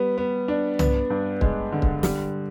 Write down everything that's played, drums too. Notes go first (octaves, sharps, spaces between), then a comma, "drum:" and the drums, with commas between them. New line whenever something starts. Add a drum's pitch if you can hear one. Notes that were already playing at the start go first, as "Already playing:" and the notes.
Already playing: G3 B3
B3
D4
B3, drum: tom C2
G2
G#3, drum: kick
D3
drum: kick
G3, drum: snare